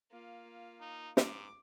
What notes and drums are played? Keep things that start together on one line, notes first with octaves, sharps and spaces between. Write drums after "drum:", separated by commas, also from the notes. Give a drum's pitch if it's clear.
A#3 F4
D#4
G#2 D6, drum: snare